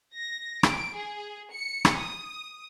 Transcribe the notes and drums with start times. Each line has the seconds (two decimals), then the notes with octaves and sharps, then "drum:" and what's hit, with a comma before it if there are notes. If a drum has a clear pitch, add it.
0.16 A#6
0.63 D7, drum: rim click
0.96 G#4
1.53 C#7
1.85 drum: rim click
2.01 D#6